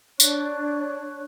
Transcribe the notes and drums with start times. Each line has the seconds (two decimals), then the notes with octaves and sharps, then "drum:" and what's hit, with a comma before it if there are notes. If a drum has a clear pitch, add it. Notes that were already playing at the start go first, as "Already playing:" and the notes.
0.20 D4 C#5 C#6 F#6, drum: tambourine